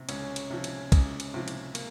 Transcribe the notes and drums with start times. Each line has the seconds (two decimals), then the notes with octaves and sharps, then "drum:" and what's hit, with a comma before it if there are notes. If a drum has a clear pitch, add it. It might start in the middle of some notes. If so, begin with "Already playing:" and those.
Already playing: C3
0.09 C#2 C#4, drum: cymbal
0.36 drum: cymbal
0.50 C3 F3
0.64 drum: cymbal
0.92 C#2, drum: kick, cymbal
1.20 drum: cymbal
1.34 C3 F3
1.48 drum: cymbal
1.75 A#3, drum: cymbal